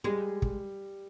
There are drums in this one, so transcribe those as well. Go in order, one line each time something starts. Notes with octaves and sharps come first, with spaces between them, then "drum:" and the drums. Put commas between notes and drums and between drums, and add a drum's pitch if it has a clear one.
G3 G#3
drum: kick